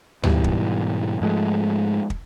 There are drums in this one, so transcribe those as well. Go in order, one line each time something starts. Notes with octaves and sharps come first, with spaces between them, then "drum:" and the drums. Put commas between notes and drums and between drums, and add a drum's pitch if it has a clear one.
G#2 B2 E3 G3, drum: tom D2
drum: kick
G#2 F3 G#3 A3
drum: kick